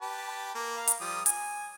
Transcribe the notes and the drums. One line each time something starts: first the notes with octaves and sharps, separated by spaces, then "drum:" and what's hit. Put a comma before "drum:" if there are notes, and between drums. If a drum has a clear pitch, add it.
G4 B4 A5
A#3
F5 A#5
drum: hi-hat
F3 G3 D#6
G#5, drum: hi-hat